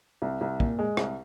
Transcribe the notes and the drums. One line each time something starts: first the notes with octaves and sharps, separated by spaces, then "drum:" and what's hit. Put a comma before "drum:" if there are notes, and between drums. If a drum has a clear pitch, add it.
C2
C2
A#2, drum: kick
G#3
C2, drum: rim click